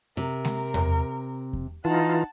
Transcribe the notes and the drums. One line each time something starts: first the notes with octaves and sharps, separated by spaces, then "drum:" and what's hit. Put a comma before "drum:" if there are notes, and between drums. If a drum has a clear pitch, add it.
C3 A#4
drum: snare G#3
drum: tom E2
drum: kick E2
E3 D#4 F4 F#5 A5